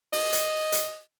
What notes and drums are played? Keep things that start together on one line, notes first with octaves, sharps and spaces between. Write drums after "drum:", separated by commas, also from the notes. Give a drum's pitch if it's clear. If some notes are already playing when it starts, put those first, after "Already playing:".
D#5, drum: open hi-hat
drum: hi-hat
drum: hi-hat